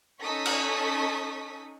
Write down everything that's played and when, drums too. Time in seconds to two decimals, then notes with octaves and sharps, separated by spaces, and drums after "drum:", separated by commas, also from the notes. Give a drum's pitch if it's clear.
0.22 C#4 D#4 A4 C#6 D#6 B6
0.45 drum: cymbal